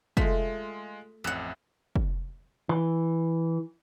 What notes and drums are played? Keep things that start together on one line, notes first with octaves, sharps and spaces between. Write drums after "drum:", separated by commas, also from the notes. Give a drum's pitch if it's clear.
G#3 A3 F4 B6, drum: kick
A1 F2 E5 F#5 F#6
drum: kick
E3